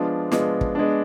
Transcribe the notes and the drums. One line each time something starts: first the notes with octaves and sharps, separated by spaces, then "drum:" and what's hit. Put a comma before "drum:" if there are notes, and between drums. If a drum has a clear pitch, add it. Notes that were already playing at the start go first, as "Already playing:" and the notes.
Already playing: F3 G#3 B3 D4 F4
F3 G#3 B3 D4 F4, drum: snare
drum: kick
G#3 B3 D4